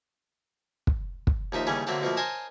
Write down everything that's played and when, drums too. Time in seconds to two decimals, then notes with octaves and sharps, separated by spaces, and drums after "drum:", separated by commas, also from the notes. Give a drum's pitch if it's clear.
0.87 drum: kick
1.27 drum: kick
1.52 D#2 F3 D#4 E5
1.67 D#2 C#3 E3 G3 A3 C#4
1.87 D3 F#3 A3 A#3 C4 A4
2.02 B2 F3 A3 A#3
2.17 A#4 C5 C#5 D#5 G#5 A5